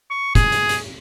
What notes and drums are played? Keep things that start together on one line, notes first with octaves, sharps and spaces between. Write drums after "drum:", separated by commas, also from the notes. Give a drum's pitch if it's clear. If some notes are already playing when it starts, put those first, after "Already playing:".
C#6
G#4, drum: kick, hi-hat
drum: hi-hat
drum: hi-hat